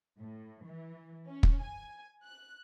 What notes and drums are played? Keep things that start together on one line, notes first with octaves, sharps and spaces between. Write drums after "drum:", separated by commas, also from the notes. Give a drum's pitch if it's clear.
A2
E3
C#4
drum: kick
G#5
F#6